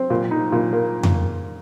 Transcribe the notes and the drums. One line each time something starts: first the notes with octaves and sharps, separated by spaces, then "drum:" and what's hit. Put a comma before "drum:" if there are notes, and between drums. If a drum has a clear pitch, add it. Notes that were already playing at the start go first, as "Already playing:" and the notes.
Already playing: C4
A#2
D#4
A#2
A#3
drum: tom F2